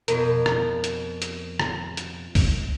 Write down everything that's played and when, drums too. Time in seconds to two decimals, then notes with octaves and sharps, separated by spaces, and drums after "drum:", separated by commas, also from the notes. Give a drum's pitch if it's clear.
0.08 F2 B2 A#4, drum: hi-hat
0.46 drum: rim click
0.84 drum: hi-hat
1.22 drum: hi-hat
1.60 drum: rim click
1.97 drum: hi-hat
2.35 drum: kick, open hi-hat